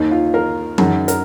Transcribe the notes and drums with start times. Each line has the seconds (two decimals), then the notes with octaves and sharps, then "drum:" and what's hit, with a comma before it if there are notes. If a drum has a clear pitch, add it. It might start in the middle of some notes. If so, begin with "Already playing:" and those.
Already playing: D#2 D#3 D#4
0.11 F4
0.34 A#4
0.78 F#2 D#3 G#4, drum: tom E3
1.08 A#4, drum: hi-hat